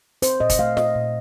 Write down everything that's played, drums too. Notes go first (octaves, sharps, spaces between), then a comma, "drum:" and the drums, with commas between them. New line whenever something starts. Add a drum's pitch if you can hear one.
C4 C5, drum: hi-hat
A#2 D#5
drum: kick, hi-hat
A3 F5
A#2 D#5, drum: snare
A#2